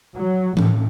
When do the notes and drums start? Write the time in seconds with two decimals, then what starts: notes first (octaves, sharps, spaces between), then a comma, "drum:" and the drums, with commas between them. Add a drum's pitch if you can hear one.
0.17 F#3
0.57 A2, drum: tom E3